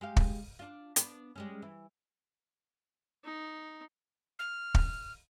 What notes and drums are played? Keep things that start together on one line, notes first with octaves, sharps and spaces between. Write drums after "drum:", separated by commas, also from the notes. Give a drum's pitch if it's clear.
G#3 G4 F5
drum: kick
D4 F4
B3 D4, drum: hi-hat
G3 G#3 C#4
E3
D#4
F6
drum: kick